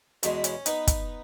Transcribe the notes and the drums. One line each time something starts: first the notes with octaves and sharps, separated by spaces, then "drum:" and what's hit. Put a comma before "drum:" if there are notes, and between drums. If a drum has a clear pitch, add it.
E2 B2 G#3, drum: hi-hat
C#4, drum: hi-hat
B3 D#4, drum: hi-hat
drum: kick, hi-hat